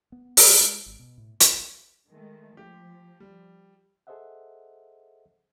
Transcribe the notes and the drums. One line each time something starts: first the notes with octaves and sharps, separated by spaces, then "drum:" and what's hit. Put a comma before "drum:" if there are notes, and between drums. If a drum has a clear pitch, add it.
B3
drum: open hi-hat
G3
G#3
G#1
B2
A2
drum: hi-hat
D#3 G#3 A3
F3 G4
G3
G#4 A4 C5 D#5 E5 F#5